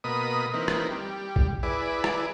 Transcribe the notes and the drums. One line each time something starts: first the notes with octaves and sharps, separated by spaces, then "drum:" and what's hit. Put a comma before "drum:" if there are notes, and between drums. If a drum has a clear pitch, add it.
B2 A#3 D#5 B5 D#6
E3 A#3 C4 D#4 B4
drum: rim click
G3
drum: kick A1
E4 G#4 B4 D5
drum: rim click